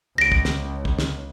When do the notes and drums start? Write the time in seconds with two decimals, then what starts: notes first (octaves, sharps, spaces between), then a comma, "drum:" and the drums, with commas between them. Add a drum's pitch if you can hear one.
0.18 C#2 A#6 D7
0.32 drum: kick
0.45 drum: snare
0.85 drum: kick
0.99 drum: snare